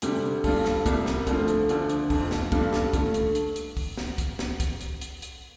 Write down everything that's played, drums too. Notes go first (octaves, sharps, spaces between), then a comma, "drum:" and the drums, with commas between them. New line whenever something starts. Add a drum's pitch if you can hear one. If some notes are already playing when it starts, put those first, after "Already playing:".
D2 C3 G3 D4 G4, drum: hi-hat
G2 G3 F4 A4, drum: kick, open hi-hat
drum: snare
C2 C3 G3, drum: kick, hi-hat
drum: snare
D2 D3 F3 A3 F4, drum: kick, hi-hat
drum: hi-hat
D2 D3 F3 D4, drum: hi-hat
drum: hi-hat
F1 F2 F3, drum: kick, open hi-hat
drum: snare
G2 G3 D4 F4 A4, drum: kick, hi-hat
drum: snare
G2 D3 A3, drum: kick, hi-hat
drum: hi-hat
drum: hi-hat
drum: hi-hat
drum: kick, open hi-hat
drum: snare
drum: kick, hi-hat
drum: snare
drum: kick, hi-hat
drum: hi-hat
drum: hi-hat
drum: hi-hat